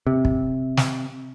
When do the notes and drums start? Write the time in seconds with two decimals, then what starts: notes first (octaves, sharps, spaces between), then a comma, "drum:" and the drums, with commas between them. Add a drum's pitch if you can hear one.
0.07 C3
0.25 drum: kick
0.77 drum: snare